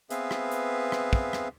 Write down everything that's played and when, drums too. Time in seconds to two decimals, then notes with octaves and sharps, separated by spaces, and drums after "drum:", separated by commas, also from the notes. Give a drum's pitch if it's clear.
0.10 B3 C4 G#4 B4 E5 F5, drum: hi-hat
0.31 drum: rim click
0.51 drum: hi-hat
0.92 drum: rim click
1.13 drum: kick
1.33 drum: rim click